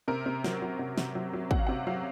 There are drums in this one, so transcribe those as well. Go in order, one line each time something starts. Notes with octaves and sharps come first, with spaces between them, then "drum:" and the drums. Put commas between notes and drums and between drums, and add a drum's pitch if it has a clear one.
C3 A#4
C3
F#3, drum: snare
F#3
C3
C3, drum: snare
F#3
F#3
C3 F#5, drum: kick
F5
C3 F#5
F#3 F5